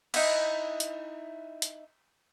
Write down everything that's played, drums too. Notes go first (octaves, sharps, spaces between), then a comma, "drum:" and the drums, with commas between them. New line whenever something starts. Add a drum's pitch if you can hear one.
D#4 E4, drum: cymbal
drum: hi-hat
drum: hi-hat